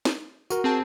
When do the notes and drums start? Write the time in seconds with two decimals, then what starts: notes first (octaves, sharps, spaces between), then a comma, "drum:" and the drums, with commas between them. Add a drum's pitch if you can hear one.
0.05 drum: snare
0.50 F#4 A#4, drum: tambourine
0.64 C4 G#4 A5